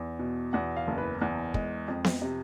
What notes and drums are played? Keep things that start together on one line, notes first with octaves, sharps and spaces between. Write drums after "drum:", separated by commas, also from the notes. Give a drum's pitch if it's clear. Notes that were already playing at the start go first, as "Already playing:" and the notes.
Already playing: E2
B2
E2 F#5
F5
F#1
B4
E2
G#3, drum: kick
F2
drum: snare B3
C3